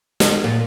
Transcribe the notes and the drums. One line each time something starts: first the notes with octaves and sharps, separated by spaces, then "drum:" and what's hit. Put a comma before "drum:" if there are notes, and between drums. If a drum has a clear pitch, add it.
drum: snare
A#2